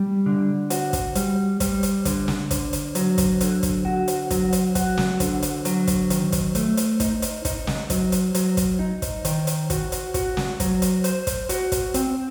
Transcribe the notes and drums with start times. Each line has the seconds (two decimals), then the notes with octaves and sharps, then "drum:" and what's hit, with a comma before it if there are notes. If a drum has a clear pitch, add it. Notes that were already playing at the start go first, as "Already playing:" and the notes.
Already playing: G3
0.26 D3
0.70 F#4, drum: hi-hat
0.93 drum: kick, hi-hat
1.15 G3, drum: hi-hat
1.60 G3, drum: kick, hi-hat
1.83 drum: hi-hat
2.05 D3, drum: kick, hi-hat
2.28 drum: snare
2.51 D3, drum: kick, hi-hat
2.73 drum: hi-hat
2.95 F#3, drum: hi-hat
3.18 drum: kick, hi-hat
3.41 D3, drum: hi-hat
3.63 drum: kick, hi-hat
3.85 F#4
4.08 drum: hi-hat
4.30 F#3, drum: kick, hi-hat
4.53 drum: hi-hat
4.75 F#4, drum: kick, hi-hat
4.98 drum: snare
5.20 D3, drum: kick, hi-hat
5.42 drum: hi-hat
5.65 F#3, drum: hi-hat
5.87 drum: kick, hi-hat
6.10 D#3, drum: hi-hat
6.32 drum: kick, hi-hat
6.55 A3, drum: hi-hat
6.77 drum: hi-hat
7.00 D#4, drum: kick, hi-hat
7.22 drum: hi-hat
7.45 D#4, drum: kick, hi-hat
7.67 drum: snare
7.90 F#3, drum: kick, hi-hat
8.12 drum: hi-hat
8.35 F#3, drum: hi-hat
8.57 drum: kick, hi-hat
8.79 D#4
9.02 drum: kick, hi-hat
9.25 D#3, drum: hi-hat
9.47 drum: hi-hat
9.70 F#4, drum: kick, hi-hat
9.92 drum: hi-hat
10.14 F#4, drum: kick, hi-hat
10.37 drum: snare
10.60 F#3, drum: kick, hi-hat
10.82 drum: hi-hat
11.04 C5, drum: hi-hat
11.27 drum: kick, hi-hat
11.49 F#4, drum: hi-hat
11.72 drum: kick, hi-hat
11.94 C4, drum: hi-hat